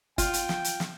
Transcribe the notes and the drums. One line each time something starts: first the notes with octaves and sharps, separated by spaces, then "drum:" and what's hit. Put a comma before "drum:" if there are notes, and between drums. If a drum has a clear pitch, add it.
F4 G5, drum: kick, hi-hat
drum: hi-hat
drum: snare
drum: hi-hat
drum: snare